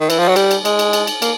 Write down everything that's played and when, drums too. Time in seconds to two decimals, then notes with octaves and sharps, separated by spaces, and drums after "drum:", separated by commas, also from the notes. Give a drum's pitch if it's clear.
0.01 D#3
0.10 E3, drum: cymbal
0.19 F3
0.28 F#3
0.36 G3, drum: cymbal
0.51 drum: cymbal
0.65 G#3, drum: cymbal
0.79 drum: cymbal
0.93 drum: cymbal
1.07 drum: cymbal
1.22 A#3, drum: cymbal